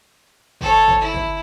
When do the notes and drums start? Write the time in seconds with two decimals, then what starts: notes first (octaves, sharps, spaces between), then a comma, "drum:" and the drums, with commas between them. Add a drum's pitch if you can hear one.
0.61 A4 C#5, drum: kick G1
0.88 drum: kick G1
1.01 E4
1.14 drum: kick G1